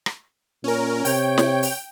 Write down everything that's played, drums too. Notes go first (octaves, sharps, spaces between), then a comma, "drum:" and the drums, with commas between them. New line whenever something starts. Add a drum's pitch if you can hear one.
drum: rim click
A#2 C#4 A#4
C3 C#5 G5, drum: open hi-hat
drum: snare
drum: open hi-hat